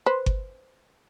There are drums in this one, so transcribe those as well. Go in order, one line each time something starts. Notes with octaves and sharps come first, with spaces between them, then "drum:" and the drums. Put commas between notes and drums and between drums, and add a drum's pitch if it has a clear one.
B4 C5
drum: kick G1